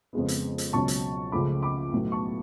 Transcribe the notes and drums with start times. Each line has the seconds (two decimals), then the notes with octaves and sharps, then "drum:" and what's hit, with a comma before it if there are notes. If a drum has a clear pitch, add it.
0.13 F2 C#3 G#3 B3
0.28 drum: hi-hat
0.58 drum: hi-hat
0.73 C#2 B2 F#3 C#4 A5 C#6
0.88 drum: hi-hat
1.32 C#2 C#3 F3 A3 B5 D6
1.63 B5 D6
1.92 B1 A2 F#3 B3
2.12 A5 C#6